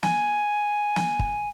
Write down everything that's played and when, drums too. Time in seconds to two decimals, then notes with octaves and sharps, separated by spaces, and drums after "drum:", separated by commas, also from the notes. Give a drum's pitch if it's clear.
0.03 G#5, drum: snare
0.96 drum: snare
1.19 drum: kick